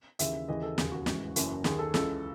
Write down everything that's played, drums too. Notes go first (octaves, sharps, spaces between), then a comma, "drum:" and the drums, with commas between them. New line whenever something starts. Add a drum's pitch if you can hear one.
D#2 C#3 E3 E5, drum: hi-hat
D#2 C#3 E3 D#5
A4
E1 D#2 C#3 G#4, drum: snare
F#4
A1 G#2 E3, drum: snare
F#1 F#2 E3, drum: hi-hat
D#2 D#3 G#4, drum: snare
A4
C#2 C#3 E3 A4, drum: snare